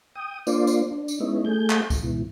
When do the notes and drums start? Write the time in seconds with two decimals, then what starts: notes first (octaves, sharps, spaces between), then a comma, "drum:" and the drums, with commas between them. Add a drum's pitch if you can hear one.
0.15 G5 D#6
0.47 A#3 D4 F4 C5 D5, drum: tambourine
0.67 drum: tambourine
0.91 D4
1.08 drum: tambourine
1.20 G#3 B3 C#4 D#4 E4
1.45 A3 G#4 G6
1.70 drum: clap
1.90 drum: kick C#2, tambourine
2.03 G#2 B2 E3